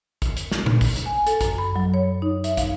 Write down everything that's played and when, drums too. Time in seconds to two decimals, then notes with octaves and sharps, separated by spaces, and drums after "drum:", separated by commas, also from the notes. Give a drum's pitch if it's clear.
0.22 drum: kick, hi-hat
0.37 drum: hi-hat
0.51 drum: snare
0.66 drum: tom A#2
0.81 drum: kick, open hi-hat
0.96 drum: hi-hat
1.06 G#5
1.27 A4, drum: hi-hat
1.41 F#2, drum: kick, hi-hat
1.58 B5
1.76 F#3
1.94 C#5
2.22 D#4
2.44 E5, drum: hi-hat
2.57 F5, drum: kick, hi-hat